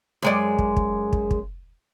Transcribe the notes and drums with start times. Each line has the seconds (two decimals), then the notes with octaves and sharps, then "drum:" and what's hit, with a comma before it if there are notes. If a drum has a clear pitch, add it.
0.22 F#2 G#3 D5
0.58 drum: kick
0.77 drum: kick
1.13 drum: kick
1.31 drum: kick